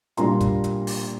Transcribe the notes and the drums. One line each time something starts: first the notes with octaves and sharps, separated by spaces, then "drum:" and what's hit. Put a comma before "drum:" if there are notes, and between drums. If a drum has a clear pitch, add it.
A#2 G3 A#3 D4 F4 A#5 C6, drum: hi-hat
drum: kick, hi-hat
drum: hi-hat
drum: open hi-hat